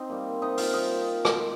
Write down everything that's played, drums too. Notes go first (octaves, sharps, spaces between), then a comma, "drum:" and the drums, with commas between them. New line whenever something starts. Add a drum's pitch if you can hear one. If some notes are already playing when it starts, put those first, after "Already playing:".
Already playing: C4 D#4 C5 D#5
G3 A#3
C3 D#4 D#5
F4 F5, drum: open hi-hat
G3 A#3 D#4 D#5
drum: rim click